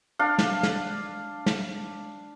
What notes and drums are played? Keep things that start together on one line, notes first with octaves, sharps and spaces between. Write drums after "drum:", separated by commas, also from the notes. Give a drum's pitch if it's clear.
D4 F5
drum: snare
drum: snare
drum: snare